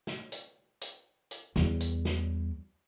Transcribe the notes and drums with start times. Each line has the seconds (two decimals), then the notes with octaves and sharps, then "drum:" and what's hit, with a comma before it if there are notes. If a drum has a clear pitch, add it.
0.07 drum: snare
0.32 drum: hi-hat
0.81 drum: hi-hat
1.31 drum: hi-hat
1.56 E2 G3, drum: snare
1.80 drum: hi-hat
2.05 drum: snare